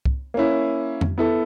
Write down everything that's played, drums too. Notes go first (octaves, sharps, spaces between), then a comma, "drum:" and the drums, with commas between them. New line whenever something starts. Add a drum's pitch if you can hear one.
drum: kick
A#3 C#4 E4
drum: tom F2
B3 E4 A4